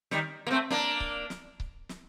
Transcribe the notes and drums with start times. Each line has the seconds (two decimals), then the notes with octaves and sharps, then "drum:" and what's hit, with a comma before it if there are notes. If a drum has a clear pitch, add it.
0.11 D#3 G3, drum: snare
0.47 A#3
0.51 A3 C4
0.70 A#3 D4, drum: snare
1.00 drum: kick C#1
1.30 drum: snare
1.60 drum: kick C#1
1.89 drum: snare